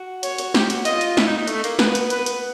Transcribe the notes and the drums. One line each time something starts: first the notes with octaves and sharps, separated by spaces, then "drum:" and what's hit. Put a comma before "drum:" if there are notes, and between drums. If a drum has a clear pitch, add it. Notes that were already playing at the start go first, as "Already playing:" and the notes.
Already playing: F#4
C#5, drum: hi-hat
drum: hi-hat
G4, drum: snare
F#4, drum: hi-hat
F4 D#5, drum: hi-hat
drum: hi-hat
E4, drum: snare
D#4
D#4
A3, drum: hi-hat
A#3, drum: hi-hat
B3 B4, drum: snare
drum: hi-hat
B4, drum: hi-hat
drum: hi-hat